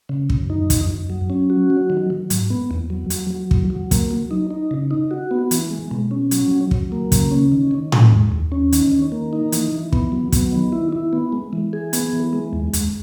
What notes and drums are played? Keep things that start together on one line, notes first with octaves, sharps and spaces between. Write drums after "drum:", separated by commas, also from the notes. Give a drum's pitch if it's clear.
C#3
F#2, drum: kick
D#4
F#2, drum: kick, hi-hat
F#2
F#3
C#4
F#4
F#3
D#3
F#3
G#2, drum: hi-hat
B3
E2
F#3
F#3, drum: hi-hat
F#3
E2, drum: kick
F#3
A#3, drum: kick, hi-hat
F#3
D#4
D#4
C#3
D#4
F#4
B3
E3, drum: hi-hat
G#3
B2
C#4
F#3, drum: hi-hat
F#3
F#3, drum: kick
A#3
C#3, drum: kick, hi-hat
C#4
D#3
D#3
G#3, drum: tom A2
E2
D#2
C#4
D#3, drum: hi-hat
D#3
A#3
D#4
E3, drum: hi-hat
E3
B3, drum: kick
F#3
B3, drum: kick, hi-hat
D#3
E4
E4
B3
G#3
E3
G#4
B3, drum: hi-hat
E3
G#3
D#2
D#2, drum: hi-hat